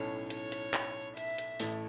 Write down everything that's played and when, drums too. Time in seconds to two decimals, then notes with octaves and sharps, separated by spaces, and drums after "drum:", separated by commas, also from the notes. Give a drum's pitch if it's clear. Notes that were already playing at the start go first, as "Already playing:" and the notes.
Already playing: B1 A2 A3 C#4 C#5
0.30 C#5, drum: hi-hat
0.52 drum: hi-hat
0.74 drum: clap
1.17 E5, drum: hi-hat
1.38 drum: hi-hat
1.60 A1 A2 A3, drum: open hi-hat